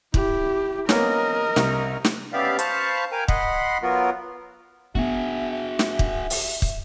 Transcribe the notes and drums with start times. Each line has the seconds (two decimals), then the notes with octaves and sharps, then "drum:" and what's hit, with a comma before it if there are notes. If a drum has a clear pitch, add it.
0.14 E4 G4, drum: kick
0.89 A#3 B3 C#4 A#4 D#5, drum: snare
1.56 C2 C3, drum: snare
2.05 drum: snare
2.33 C#3 B3 G4 D5 E5 F5
2.59 C5 F5 A5 B5 C#6, drum: hi-hat
3.12 A#4 F5 G5 G#5
3.28 D#5 F#5 B5 C6, drum: kick
3.82 F#3 B3 F4 F#4 A#4
4.95 B3 D4 F#4 G#4 E5
5.79 drum: snare
5.99 drum: kick
6.30 drum: open hi-hat
6.62 drum: kick